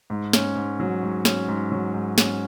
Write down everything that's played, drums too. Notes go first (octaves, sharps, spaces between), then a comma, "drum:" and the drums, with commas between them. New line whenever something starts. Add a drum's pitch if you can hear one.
G#2
C#4, drum: snare
G#2
F#3
G#2
C#4, drum: snare
G#2
F#3
G#2
C#4, drum: snare